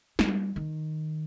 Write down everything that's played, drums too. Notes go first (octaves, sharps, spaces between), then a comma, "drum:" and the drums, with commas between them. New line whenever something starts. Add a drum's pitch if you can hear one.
G3, drum: snare
D#3